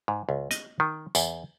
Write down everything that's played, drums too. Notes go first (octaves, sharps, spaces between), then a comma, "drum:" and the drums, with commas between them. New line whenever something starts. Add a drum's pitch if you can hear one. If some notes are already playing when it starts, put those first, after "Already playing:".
G#2
C#2
D#5, drum: hi-hat
D#3
E2, drum: tambourine